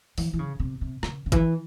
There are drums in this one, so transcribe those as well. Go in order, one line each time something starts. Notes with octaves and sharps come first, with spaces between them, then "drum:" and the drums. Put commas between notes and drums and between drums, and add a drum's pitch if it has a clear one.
E3, drum: open hi-hat
E3
C#3
C3
C3
C#3, drum: rim click
C#3
E3, drum: kick, hi-hat